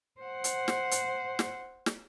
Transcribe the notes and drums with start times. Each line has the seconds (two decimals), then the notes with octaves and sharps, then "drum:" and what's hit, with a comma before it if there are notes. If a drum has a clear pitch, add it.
0.20 C5 F#5
0.44 drum: hi-hat
0.68 drum: snare
0.91 drum: hi-hat
1.39 drum: snare
1.86 drum: snare